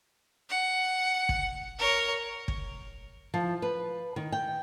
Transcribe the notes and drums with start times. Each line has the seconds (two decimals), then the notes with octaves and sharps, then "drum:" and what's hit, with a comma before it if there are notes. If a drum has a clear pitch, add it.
0.50 F#5
1.29 drum: kick
1.79 A#4 C#5
2.48 drum: kick
3.34 F3
3.62 B4
4.16 D#3
4.32 G5